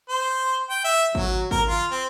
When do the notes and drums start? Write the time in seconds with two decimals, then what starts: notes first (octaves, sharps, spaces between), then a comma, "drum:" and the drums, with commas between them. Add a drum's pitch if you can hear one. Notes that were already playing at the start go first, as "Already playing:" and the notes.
0.09 C5
0.70 G5
0.84 E5
1.15 F#3, drum: kick G#1
1.51 A#4, drum: kick G#1
1.69 F4
1.91 C4